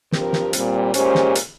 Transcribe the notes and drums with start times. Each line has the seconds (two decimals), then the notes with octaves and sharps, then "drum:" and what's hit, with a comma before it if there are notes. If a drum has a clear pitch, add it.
0.12 G2 F3 C4 G4 A#4, drum: snare
0.33 drum: snare
0.53 A#2 G3 C4, drum: hi-hat
0.94 A#2 G#3 C#4 G4 C5, drum: hi-hat
1.15 drum: snare
1.35 drum: hi-hat